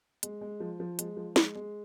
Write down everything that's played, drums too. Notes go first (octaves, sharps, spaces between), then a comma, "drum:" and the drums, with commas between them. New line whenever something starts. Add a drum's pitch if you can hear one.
G#3, drum: hi-hat
G#3
F3
F3
G#3, drum: hi-hat
F3
G#3, drum: snare
G#3